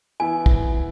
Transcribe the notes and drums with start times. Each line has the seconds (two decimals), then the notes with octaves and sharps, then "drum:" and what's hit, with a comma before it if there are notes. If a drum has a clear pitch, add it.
0.20 E3 B3 E4 G#5
0.46 drum: kick